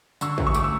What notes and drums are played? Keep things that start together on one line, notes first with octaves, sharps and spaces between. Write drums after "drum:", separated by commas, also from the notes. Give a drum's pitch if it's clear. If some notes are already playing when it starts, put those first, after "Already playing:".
D3 C#6 E6, drum: tambourine
F#2, drum: kick
C#6 E6
A3 D6, drum: tambourine
E6